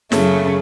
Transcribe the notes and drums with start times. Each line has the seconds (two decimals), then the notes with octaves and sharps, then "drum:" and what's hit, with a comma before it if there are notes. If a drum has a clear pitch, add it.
0.12 F#2 C#3 F#3 A3, drum: snare